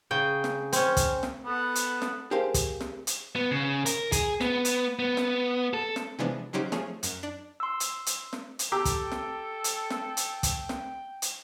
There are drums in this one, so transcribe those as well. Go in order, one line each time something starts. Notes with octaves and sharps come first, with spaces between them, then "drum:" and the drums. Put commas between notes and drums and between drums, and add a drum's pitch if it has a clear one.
C#3 G5
drum: snare
C4 C#4, drum: hi-hat
drum: kick, hi-hat
drum: snare
B3 A4 F#5
drum: hi-hat
drum: snare
G4 G#4 A#4 C5 F5 A5
drum: kick, hi-hat
drum: snare
drum: hi-hat
B3
C#3
A#4, drum: hi-hat
G#4, drum: kick, hi-hat
B3, drum: snare
drum: hi-hat
B3
drum: snare
A4
drum: snare
C3 E3 F3 G#3 B3 D4
C#3 F#3 C#4 D#4 G4 C5
F3 A3 G#4 C#5, drum: snare
F#2, drum: hi-hat
D4
C6 E6
drum: hi-hat
drum: hi-hat
drum: snare
drum: hi-hat
G4 A4 G5 A#5 D6 E6
drum: kick, hi-hat
drum: snare
drum: hi-hat
drum: snare
drum: hi-hat
drum: kick, hi-hat
drum: snare
drum: hi-hat